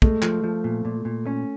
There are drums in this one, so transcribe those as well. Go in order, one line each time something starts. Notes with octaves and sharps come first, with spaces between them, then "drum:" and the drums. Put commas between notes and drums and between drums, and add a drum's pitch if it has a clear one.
G#3 A3, drum: kick
F3, drum: clap
F3
A#2
A#2
A#2
C#4